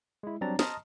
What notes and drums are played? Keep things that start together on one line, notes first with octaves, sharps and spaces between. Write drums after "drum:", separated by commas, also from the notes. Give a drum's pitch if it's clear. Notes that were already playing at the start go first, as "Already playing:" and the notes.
G#3 E4
F#3 G3 C4 D4 A#5 A6
D#5 A5 A#5 C6 D#6 F6, drum: snare